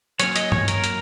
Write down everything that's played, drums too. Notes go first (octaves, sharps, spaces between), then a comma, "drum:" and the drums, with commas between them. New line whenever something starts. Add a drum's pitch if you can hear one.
F#3 A#3 C#4 C#5, drum: hi-hat
D#5, drum: hi-hat
C#5, drum: tom G2
A#4, drum: hi-hat
drum: hi-hat